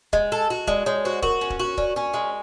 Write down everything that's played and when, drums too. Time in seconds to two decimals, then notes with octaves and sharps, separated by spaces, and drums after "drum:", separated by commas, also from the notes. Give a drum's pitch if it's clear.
0.13 G#3 D#5, drum: kick
0.32 A4
0.50 F#4
0.67 G#3 D5, drum: kick
0.86 G#3 C#5
1.04 F#4 C5
1.23 F#4 A#4, drum: kick
1.41 C#4
1.50 drum: kick
1.60 F#4
1.78 C#4 D5, drum: kick
1.96 C#4
2.14 G#3